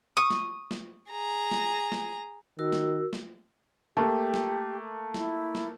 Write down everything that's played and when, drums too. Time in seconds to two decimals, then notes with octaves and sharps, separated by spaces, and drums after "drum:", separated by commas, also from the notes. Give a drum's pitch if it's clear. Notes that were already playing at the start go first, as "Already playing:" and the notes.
0.17 C#6 D#6
0.30 drum: snare
0.71 drum: snare
1.11 G#4 A#5
1.51 drum: snare
1.92 drum: snare
2.59 D#3 F#4 A#4 E6
2.72 drum: snare
3.13 drum: snare
3.97 A3 A#3 G4
4.34 drum: snare
5.14 E4, drum: snare
5.55 drum: snare